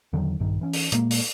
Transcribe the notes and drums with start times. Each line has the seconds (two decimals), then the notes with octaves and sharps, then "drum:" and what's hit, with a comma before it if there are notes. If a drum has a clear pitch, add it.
0.13 E2 D3 D#3 F#3
0.40 A#1 G2 D#3
0.61 E3 C#4
0.73 drum: open hi-hat
0.92 A#2 G#3 A#3, drum: hi-hat
1.11 drum: open hi-hat